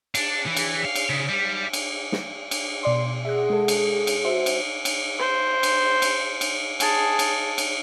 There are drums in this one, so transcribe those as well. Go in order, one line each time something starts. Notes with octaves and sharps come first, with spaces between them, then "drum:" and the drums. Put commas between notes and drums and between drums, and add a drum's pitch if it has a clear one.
D4, drum: cymbal
E3
drum: cymbal
F5
drum: cymbal
C#3
G3
drum: cymbal
drum: snare
drum: cymbal
B2 D5 C6
G#4 E5 F#5
G#3 A4
drum: cymbal
drum: cymbal
F#4 C5 E5
drum: cymbal
drum: cymbal
C5
drum: cymbal
drum: cymbal
drum: cymbal
G#4 A5, drum: cymbal
drum: cymbal
drum: cymbal